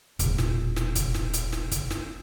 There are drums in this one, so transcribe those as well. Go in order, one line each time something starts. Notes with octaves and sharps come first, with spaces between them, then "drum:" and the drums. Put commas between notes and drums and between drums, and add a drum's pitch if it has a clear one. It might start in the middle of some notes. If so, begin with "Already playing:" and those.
E1 A#1, drum: kick, hi-hat
drum: snare
drum: snare
drum: kick, hi-hat
drum: snare
drum: hi-hat
drum: snare
drum: kick, hi-hat
drum: snare